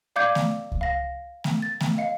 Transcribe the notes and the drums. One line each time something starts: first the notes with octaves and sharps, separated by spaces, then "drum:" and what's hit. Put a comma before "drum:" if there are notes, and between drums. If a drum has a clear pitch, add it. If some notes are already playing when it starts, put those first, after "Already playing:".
D5 F5 D6 G6 G#6 C#7
drum: snare A3
drum: kick C#2
F5 A#6
drum: snare A3
A6
drum: snare A3
D#5 F5 C#7